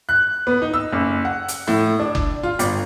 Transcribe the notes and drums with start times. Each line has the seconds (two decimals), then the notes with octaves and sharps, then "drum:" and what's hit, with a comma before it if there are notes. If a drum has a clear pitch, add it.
0.09 F#6
0.47 B3
0.62 D#4
0.74 E6
0.93 F#1
1.25 F#5
1.48 drum: hi-hat
1.67 A2, drum: snare
1.99 D4
2.15 drum: kick F#1
2.43 F4
2.59 G1, drum: hi-hat